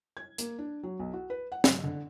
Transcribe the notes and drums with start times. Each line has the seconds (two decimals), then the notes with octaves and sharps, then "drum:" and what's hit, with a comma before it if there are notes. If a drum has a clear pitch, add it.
0.17 G#6
0.38 A#3, drum: hi-hat
0.59 D4
0.83 F#3
0.99 B1
1.14 F#4
1.30 B4
1.52 F#5
1.64 F#2, drum: snare
1.84 D3